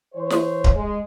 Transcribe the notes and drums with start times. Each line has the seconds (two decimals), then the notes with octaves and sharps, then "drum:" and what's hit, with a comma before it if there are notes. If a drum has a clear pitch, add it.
0.14 E3 C5 C#5
0.30 drum: snare
0.64 drum: kick D1
0.74 G#3